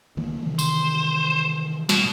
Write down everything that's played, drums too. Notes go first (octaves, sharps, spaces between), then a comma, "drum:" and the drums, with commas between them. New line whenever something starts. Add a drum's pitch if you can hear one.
D3 E3 A#3
C3 D#3 E3
C5, drum: tambourine
B2, drum: snare